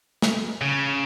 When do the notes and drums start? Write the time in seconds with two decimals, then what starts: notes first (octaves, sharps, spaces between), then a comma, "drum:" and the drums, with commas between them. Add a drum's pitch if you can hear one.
0.22 drum: snare
0.61 C#3